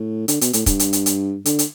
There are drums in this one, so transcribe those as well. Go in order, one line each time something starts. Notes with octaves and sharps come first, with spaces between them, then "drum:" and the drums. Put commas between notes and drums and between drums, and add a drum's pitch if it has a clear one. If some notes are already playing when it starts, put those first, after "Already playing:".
Already playing: A2
D3, drum: hi-hat
B2, drum: hi-hat
A2, drum: hi-hat
G2, drum: kick, hi-hat
drum: hi-hat
drum: hi-hat
drum: hi-hat
D3, drum: hi-hat
drum: hi-hat